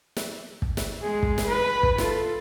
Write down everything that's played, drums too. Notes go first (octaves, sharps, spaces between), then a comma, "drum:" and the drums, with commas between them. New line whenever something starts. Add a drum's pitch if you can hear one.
drum: snare
drum: kick
drum: snare
G#3 G#4
drum: kick
drum: snare
B4
drum: kick
F4 A4, drum: snare